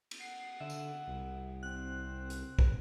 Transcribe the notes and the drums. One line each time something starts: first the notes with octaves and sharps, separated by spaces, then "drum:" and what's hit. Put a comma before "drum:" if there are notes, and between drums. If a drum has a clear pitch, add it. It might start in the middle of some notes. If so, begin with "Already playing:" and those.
drum: cymbal
F#5 C7
D3 E5
drum: tambourine
C2
C4 F#6
drum: hi-hat
drum: kick